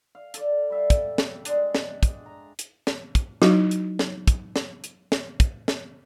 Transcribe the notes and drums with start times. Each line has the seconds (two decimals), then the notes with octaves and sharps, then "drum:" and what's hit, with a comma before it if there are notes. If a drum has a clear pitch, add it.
0.15 F5
0.34 A4 D5, drum: hi-hat
0.70 G3 E5 F5
0.90 drum: kick, hi-hat
1.18 drum: snare
1.45 G#3 D4, drum: hi-hat
1.75 drum: snare
2.03 drum: kick, hi-hat
2.26 A#5
2.59 drum: hi-hat
2.87 drum: snare
3.15 drum: kick, hi-hat
3.42 F#3 D#4 E4 F#4, drum: snare
3.71 drum: hi-hat
3.99 drum: snare
4.27 drum: kick, hi-hat
4.56 drum: snare
4.84 drum: hi-hat
5.12 drum: snare
5.40 drum: kick, hi-hat
5.68 drum: snare